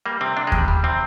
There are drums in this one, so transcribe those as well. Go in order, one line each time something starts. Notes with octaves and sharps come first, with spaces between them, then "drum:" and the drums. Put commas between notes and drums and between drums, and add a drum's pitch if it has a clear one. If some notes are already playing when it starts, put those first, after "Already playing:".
G3 A#3
C3 C4
C3 D4
G#3
G3, drum: kick D#2
G3
C3 C4